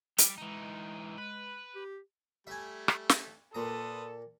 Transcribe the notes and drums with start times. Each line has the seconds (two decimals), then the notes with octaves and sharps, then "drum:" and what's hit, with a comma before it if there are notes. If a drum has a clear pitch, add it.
0.18 G3 G4, drum: hi-hat
0.38 E3 G#3 D#4
1.18 B4
1.75 G4
2.47 G3 A3 E5 G#5
2.88 drum: rim click
3.09 drum: snare
3.55 A#2 A4 B4 A#5 C6 D#6